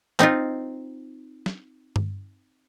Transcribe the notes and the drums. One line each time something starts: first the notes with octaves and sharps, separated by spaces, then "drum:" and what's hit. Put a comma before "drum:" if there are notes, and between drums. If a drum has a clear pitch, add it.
C4 D#4 F4, drum: clap
drum: snare
drum: tom G2